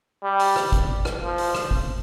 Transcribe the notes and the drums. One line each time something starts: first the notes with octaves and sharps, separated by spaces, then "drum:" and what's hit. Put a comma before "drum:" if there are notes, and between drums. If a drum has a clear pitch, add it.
G3
drum: open hi-hat
drum: rim click
drum: kick G1, hi-hat
drum: rim click
F3
drum: open hi-hat
drum: rim click
drum: kick G1